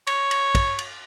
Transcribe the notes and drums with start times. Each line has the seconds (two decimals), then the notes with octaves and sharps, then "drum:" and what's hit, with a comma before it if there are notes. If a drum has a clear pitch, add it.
0.07 C#5, drum: cymbal
0.31 drum: cymbal
0.55 drum: kick, cymbal
0.78 drum: cymbal